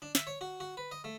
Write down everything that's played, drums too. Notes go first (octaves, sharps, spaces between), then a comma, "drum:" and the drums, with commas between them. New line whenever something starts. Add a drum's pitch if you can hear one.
D4
E5, drum: snare
C#5
F#4
F#4
B4
D#5
A3